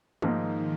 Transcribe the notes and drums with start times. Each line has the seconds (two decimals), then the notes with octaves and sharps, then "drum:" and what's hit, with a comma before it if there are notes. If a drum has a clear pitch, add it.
0.22 G#2 D#3 F3 A#3 D#4, drum: tom